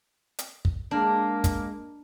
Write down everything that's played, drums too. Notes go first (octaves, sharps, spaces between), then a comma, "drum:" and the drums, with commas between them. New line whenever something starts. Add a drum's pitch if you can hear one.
drum: hi-hat
drum: kick
G#3 A#3 D4
drum: kick, hi-hat